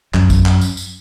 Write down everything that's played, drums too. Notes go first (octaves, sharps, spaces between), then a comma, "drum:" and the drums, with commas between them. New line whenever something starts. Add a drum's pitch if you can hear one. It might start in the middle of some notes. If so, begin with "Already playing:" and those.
F#2, drum: clap
drum: kick, tambourine
drum: clap
drum: tambourine
drum: tambourine